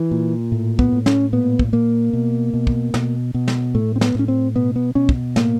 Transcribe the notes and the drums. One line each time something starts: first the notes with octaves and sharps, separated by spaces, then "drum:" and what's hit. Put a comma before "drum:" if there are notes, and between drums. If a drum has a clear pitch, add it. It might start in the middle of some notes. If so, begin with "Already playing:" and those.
Already playing: E3
A#2
A2
B3, drum: kick
A2
C#4, drum: snare
A#2 B3
drum: kick
A#2 A#3
B2
B2
drum: kick
B2, drum: snare
B2
drum: snare
A2 A3
C4
B3, drum: snare
A2 C#4
C4
B2 B3
B3
B2 C#4
drum: kick
A2 A#3, drum: snare